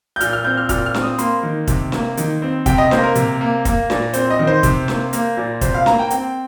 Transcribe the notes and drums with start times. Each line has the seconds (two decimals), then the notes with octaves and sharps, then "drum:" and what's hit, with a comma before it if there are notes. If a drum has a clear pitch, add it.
0.16 G6
0.20 A#2 F6, drum: hi-hat
0.33 F6
0.44 C4 G6
0.57 F6
0.69 A#2 F6, drum: kick, hi-hat
0.86 F6
0.94 C4, drum: snare
1.02 D#6
1.18 A#3 C6, drum: hi-hat
1.43 D#3
1.67 C3, drum: kick, hi-hat
1.92 A#3, drum: snare
2.17 D#3, drum: hi-hat
2.42 C4
2.66 C3 G5, drum: kick, hi-hat
2.78 D#5
2.91 A#3 C5, drum: snare
3.03 A#4
3.15 C3, drum: hi-hat
3.41 A#3
3.65 A#3, drum: kick, hi-hat
3.90 A#2, drum: snare
4.13 C4 C5, drum: hi-hat
4.30 D#5
4.39 D#3
4.47 C5
4.63 C3, drum: kick, hi-hat
4.88 A#3, drum: snare
5.13 A#3, drum: hi-hat
5.37 A#2
5.61 C3 C5, drum: kick, hi-hat
5.74 F5
5.86 A#3 A#5, drum: snare
5.99 G5
6.10 C4 G5, drum: hi-hat